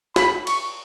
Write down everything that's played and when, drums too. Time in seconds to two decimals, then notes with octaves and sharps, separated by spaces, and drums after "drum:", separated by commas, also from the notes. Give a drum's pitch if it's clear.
0.16 B5, drum: snare
0.47 C#6, drum: cymbal